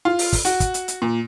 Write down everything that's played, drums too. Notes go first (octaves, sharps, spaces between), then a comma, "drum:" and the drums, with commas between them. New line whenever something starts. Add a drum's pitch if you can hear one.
F4
drum: open hi-hat
drum: kick, open hi-hat
F#4, drum: hi-hat
drum: kick, hi-hat
drum: hi-hat
drum: hi-hat
A#2